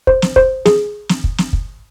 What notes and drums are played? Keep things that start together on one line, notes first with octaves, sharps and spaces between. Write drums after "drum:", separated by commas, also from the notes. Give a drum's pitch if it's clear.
C5, drum: kick
drum: snare
C5, drum: kick
G#4, drum: snare
drum: snare
drum: kick
drum: snare
drum: kick